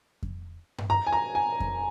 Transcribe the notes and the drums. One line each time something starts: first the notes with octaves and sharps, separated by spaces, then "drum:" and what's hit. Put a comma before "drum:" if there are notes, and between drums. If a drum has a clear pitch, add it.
drum: kick F2
drum: tom G2
A#5
G#5
A#5
G#5
drum: kick F2